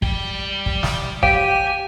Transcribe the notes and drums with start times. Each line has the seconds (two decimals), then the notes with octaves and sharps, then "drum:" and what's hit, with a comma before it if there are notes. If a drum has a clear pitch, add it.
0.02 G3 G5, drum: kick
0.66 drum: kick
0.83 drum: snare
1.23 G4 F5 G5 G#5, drum: kick